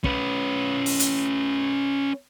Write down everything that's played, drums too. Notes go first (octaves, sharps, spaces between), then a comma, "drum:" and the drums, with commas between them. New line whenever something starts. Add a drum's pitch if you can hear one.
C#4 B4, drum: kick
drum: open hi-hat
drum: hi-hat